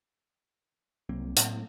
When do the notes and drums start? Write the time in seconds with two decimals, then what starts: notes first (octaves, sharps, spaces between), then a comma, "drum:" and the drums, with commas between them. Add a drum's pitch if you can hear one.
1.09 C2 F#3 A#3 C4
1.37 A2, drum: hi-hat